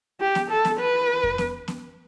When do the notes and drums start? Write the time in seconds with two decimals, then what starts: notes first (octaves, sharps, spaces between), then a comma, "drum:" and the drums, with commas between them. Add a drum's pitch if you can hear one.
0.21 G4
0.35 drum: snare B3
0.50 A4
0.65 drum: snare B3
0.79 B4
1.23 drum: kick F2
1.38 drum: snare B3
1.68 drum: snare B3